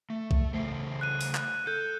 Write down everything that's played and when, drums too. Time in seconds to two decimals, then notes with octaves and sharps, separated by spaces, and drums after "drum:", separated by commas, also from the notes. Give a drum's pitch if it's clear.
0.10 A3
0.31 drum: kick C2
0.54 C#3 A3 C5
1.01 F#6 D#7
1.21 drum: open hi-hat
1.35 drum: clap
1.67 A4 G6